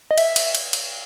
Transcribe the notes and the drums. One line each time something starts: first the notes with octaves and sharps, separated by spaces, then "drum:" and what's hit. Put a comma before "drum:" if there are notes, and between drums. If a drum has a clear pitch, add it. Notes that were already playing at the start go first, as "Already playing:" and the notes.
D#5
E5, drum: cymbal
drum: cymbal
drum: cymbal
drum: cymbal